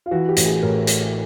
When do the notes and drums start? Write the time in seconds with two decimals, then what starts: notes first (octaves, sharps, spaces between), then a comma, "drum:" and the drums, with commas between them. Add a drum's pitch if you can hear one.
0.06 F4
0.11 E3 F#4
0.29 G4
0.37 A1, drum: hi-hat
0.46 G#4
0.62 A2 A#4
0.87 A3, drum: hi-hat